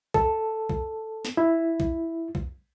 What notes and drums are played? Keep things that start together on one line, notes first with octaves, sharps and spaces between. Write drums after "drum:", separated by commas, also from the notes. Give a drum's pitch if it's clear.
A4, drum: kick B1
drum: kick B1
drum: snare
E4
drum: kick B1
drum: kick B1